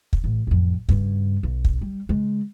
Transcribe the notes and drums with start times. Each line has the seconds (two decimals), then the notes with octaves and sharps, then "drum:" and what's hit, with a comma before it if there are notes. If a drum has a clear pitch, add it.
0.13 drum: kick
0.24 A1
0.47 A1 F2
0.89 G2 C#3, drum: kick
1.43 B1
1.65 drum: kick
1.81 G3
2.09 C#3 G#3